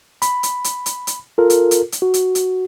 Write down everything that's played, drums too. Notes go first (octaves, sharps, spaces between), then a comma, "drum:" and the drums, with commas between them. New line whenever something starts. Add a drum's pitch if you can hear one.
B5, drum: hi-hat
drum: hi-hat
drum: hi-hat
drum: hi-hat
drum: hi-hat
F4 A4 A#4
drum: hi-hat
drum: hi-hat
drum: hi-hat
F#4
drum: hi-hat
drum: hi-hat